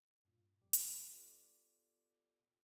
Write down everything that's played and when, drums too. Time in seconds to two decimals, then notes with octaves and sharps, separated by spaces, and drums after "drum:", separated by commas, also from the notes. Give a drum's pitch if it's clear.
0.25 G2 A#2
0.61 F2 G3 G4
0.73 drum: hi-hat
1.09 B3 F4 G4 A4 D5